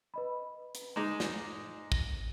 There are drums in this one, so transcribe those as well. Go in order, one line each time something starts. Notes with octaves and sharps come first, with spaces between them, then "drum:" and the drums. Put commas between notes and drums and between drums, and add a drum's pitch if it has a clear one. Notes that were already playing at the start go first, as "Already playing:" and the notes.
B4 D#5 B5
drum: hi-hat
G#3 D#4 D6 E7
drum: snare
A#6, drum: kick